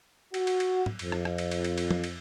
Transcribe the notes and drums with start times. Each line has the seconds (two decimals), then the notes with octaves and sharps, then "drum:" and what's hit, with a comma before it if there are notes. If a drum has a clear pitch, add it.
0.34 F#4, drum: cymbal
0.47 drum: cymbal
0.60 drum: cymbal
0.86 drum: tom
0.99 F2, drum: cymbal
1.12 drum: rim click
1.25 drum: rim click
1.38 drum: cymbal
1.51 drum: cymbal
1.64 drum: cymbal
1.78 drum: cymbal
1.91 drum: tom
2.04 drum: cymbal